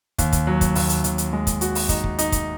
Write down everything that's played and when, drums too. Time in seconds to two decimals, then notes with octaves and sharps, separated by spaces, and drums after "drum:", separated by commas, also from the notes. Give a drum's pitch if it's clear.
0.18 D#2, drum: kick, hi-hat
0.32 drum: kick, hi-hat
0.47 F#3
0.61 drum: kick, hi-hat
0.75 D#2, drum: open hi-hat
0.90 drum: hi-hat
1.04 D#2, drum: hi-hat
1.18 drum: hi-hat
1.33 G#3
1.47 drum: kick, hi-hat
1.61 F#4, drum: hi-hat
1.75 drum: open hi-hat
1.89 D#4, drum: kick, hi-hat
2.04 drum: kick
2.19 D#4, drum: hi-hat
2.32 drum: kick, hi-hat